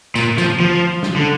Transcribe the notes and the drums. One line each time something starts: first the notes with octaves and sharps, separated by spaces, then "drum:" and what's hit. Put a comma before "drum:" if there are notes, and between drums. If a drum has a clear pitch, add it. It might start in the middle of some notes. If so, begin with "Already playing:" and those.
A#2, drum: tambourine
F3, drum: tambourine
F3, drum: tom D3
drum: snare
D3